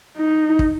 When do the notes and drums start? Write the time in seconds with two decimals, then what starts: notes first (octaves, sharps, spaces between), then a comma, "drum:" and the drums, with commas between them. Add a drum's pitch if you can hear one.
0.17 D#4
0.59 drum: kick